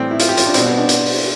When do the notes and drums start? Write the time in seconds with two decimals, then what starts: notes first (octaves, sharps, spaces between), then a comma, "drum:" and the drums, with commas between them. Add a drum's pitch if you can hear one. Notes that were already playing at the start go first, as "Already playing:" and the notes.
Already playing: A2 E3 G3 C4
0.11 E4
0.20 F4, drum: hi-hat
0.29 G4
0.37 F4, drum: hi-hat
0.46 D4
0.54 B2 G3 C4, drum: hi-hat
0.66 B3
0.77 D4
0.89 drum: hi-hat
1.06 drum: open hi-hat